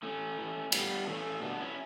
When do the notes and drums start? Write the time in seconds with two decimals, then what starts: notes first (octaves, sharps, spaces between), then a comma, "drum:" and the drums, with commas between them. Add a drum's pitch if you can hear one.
0.03 A2 A3 C#4
0.38 E3
0.72 A2 G3 B3, drum: cymbal
1.07 E3 A3 C#4
1.42 B2 B3 D4
1.60 C#4 E4